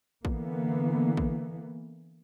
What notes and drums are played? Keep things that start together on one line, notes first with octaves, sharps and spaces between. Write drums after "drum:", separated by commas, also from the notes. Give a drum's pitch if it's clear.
D3 E3 A#3 B3, drum: kick
drum: kick